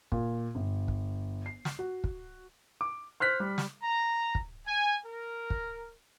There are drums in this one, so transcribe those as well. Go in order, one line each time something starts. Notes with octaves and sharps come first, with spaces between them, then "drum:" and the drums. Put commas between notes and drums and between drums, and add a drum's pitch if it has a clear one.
A#2, drum: kick
G1
drum: kick
C7
drum: snare
F#4
drum: kick
D6
C5 F6 F#6 B6
G3
drum: snare
A#5
drum: kick
G#5
A#4
drum: kick